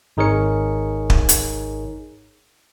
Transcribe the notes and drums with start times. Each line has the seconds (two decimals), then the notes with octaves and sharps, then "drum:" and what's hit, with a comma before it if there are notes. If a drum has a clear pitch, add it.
0.17 G#1 D#4 G#4 A#4 C#5 C#7
1.10 drum: kick
1.29 drum: hi-hat